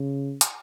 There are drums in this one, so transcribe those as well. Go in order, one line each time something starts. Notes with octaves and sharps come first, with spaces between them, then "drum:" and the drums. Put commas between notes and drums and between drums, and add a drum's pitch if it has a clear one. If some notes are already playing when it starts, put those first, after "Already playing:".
Already playing: C#3
drum: hi-hat